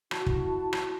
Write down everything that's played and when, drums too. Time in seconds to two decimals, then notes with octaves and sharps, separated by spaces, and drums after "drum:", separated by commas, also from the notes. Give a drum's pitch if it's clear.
0.11 E4 F#4 A5, drum: rim click
0.26 drum: kick
0.73 drum: rim click